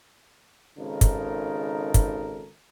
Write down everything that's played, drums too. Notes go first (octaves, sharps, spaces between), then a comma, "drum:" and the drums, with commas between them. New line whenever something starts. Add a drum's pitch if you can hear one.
G#1 C#3 D#4 A4 A#4
drum: kick, hi-hat
drum: kick, hi-hat